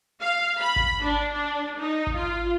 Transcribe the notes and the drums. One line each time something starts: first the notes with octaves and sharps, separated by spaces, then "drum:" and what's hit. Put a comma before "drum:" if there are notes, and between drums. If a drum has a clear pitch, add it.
F5
B5
drum: kick G#1
D4
D4
D#4
drum: kick G#1
F4